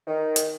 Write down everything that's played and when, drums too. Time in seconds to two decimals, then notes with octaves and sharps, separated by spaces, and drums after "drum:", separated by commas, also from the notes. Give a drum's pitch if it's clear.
0.07 D#3
0.36 drum: hi-hat